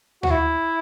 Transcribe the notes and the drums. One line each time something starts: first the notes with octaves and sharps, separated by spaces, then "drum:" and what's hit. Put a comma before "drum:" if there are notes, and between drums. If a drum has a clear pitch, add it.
F#4, drum: tom D2
E4